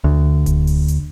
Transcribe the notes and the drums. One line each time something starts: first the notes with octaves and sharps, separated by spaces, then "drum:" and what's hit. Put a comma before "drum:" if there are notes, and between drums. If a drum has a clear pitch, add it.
D2
drum: kick D1, hi-hat
drum: open hi-hat
drum: hi-hat